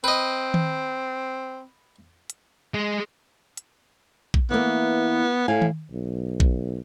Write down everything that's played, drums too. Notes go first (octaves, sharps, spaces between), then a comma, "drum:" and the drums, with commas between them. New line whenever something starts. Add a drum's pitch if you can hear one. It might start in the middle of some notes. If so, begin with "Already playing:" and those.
C4 B4 D#5
drum: tom D#3
drum: hi-hat
G#3
drum: hi-hat
drum: kick A#1
E3 A#3 B3
A2 F5 G#5
drum: tom D#3
B1
drum: kick A#1